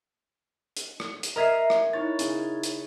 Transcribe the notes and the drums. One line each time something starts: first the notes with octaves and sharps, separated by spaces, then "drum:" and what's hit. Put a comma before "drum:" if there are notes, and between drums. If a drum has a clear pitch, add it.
drum: hi-hat
drum: rim click
drum: hi-hat
A#4 D#5 E5 A#5 G#6 C7
drum: rim click
D#4 E4 C#5 A6
C#3, drum: hi-hat
drum: hi-hat